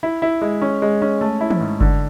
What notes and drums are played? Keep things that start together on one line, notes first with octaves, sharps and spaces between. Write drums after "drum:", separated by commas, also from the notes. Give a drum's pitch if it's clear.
E4
E4
G#3
C#4
G#3
C#4
A3
E4
drum: tom
G#2
D3, drum: kick F#1